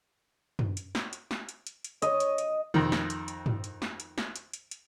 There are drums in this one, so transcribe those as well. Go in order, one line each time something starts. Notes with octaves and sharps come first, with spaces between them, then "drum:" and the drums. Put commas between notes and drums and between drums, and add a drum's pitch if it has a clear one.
drum: tom F#2
drum: hi-hat
drum: snare
drum: hi-hat
drum: snare
drum: hi-hat
drum: hi-hat
drum: hi-hat
C#5 D#5, drum: hi-hat
drum: hi-hat
drum: hi-hat
F2 D#3, drum: tom
drum: snare
drum: hi-hat
drum: hi-hat
drum: tom
drum: hi-hat
drum: snare
drum: hi-hat
drum: snare
drum: hi-hat
drum: hi-hat
drum: hi-hat